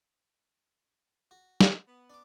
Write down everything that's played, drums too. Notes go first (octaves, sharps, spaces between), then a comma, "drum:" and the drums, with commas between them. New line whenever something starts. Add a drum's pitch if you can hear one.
F#4
drum: snare
B3
D4 D6